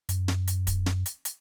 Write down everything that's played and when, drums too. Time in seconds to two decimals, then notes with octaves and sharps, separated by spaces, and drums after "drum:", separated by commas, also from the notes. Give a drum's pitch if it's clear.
0.09 F#2, drum: hi-hat
0.28 drum: snare
0.47 drum: hi-hat
0.67 drum: kick D1, hi-hat
0.86 drum: snare
1.06 drum: hi-hat
1.25 drum: hi-hat